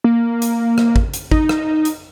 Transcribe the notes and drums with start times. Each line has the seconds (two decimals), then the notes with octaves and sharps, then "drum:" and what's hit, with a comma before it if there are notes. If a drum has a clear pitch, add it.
0.04 A#3
0.42 drum: hi-hat
0.78 drum: rim click
0.96 drum: kick
1.14 drum: hi-hat
1.31 D#4, drum: kick
1.49 drum: rim click
1.85 drum: hi-hat